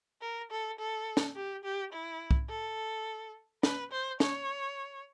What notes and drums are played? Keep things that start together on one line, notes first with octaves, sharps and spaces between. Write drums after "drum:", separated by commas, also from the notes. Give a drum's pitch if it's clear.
A#4
A4
A4
drum: snare
G4
G4
E4
drum: kick
A4
B4, drum: snare
C5
C#5, drum: snare